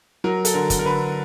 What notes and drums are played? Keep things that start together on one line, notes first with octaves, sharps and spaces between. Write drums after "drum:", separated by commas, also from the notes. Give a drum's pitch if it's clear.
F#3 A#4
A4, drum: hi-hat
D3 A#4
drum: kick, hi-hat
A#4
D3 B4